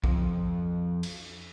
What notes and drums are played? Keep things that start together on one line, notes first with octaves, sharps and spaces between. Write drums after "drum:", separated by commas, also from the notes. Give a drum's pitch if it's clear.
F2, drum: kick A#1
drum: cymbal